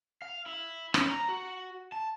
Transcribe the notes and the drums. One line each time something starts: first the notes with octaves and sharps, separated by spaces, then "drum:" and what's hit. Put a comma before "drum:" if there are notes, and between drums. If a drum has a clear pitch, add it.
F5
E4
C#4, drum: rim click
A#5
F#4
A5